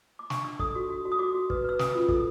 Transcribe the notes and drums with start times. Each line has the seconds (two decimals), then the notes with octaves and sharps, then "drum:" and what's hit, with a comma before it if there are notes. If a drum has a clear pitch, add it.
0.19 D6
0.30 D4 C#6, drum: snare
0.44 D4 E6
0.59 A4 D#6, drum: kick
0.75 F#4
0.90 F#4
1.05 F#4
1.12 D#6
1.19 F#4 D6
1.34 F#4
1.50 B4, drum: kick
1.64 B4 E6
1.79 C#4 D#6, drum: snare
1.94 F4 E6
2.08 A4, drum: kick